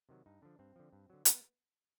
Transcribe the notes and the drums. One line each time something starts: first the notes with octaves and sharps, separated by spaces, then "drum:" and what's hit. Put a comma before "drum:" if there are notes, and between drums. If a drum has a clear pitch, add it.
C3 D#3 F#3
G2 D#4
D3 F3 D4
G2 C4
D3 F3
G2
D3 F#3
B3, drum: hi-hat